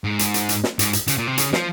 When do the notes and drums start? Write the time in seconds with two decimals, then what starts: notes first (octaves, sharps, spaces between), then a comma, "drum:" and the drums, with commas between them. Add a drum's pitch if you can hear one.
0.04 G#2
0.19 drum: hi-hat
0.34 drum: hi-hat
0.49 drum: hi-hat
0.64 drum: snare
0.79 G#2, drum: hi-hat
0.93 drum: hi-hat
1.08 C#3, drum: hi-hat
1.18 A#2
1.27 C3
1.38 C#3, drum: hi-hat
1.53 F3, drum: snare